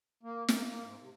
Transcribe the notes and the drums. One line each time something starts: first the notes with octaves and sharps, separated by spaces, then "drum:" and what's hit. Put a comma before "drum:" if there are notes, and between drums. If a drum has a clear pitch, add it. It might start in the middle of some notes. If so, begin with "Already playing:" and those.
A#3
A#3, drum: snare
A#3
G#2
C3